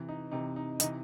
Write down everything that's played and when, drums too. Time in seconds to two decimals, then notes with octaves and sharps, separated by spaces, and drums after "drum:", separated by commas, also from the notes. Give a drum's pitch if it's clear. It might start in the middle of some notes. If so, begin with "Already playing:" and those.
Already playing: C3 E3
0.09 D#4
0.31 C3 E3 D#4
0.56 D#4
0.80 C3 E3 D#4, drum: hi-hat